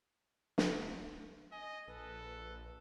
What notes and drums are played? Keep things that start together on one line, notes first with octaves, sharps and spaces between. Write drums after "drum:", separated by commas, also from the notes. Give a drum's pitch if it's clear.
drum: snare
D#5 G#5
A#1 A4 B4